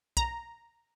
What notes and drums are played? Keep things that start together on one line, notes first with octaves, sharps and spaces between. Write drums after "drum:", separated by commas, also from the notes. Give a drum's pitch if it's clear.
A#5, drum: kick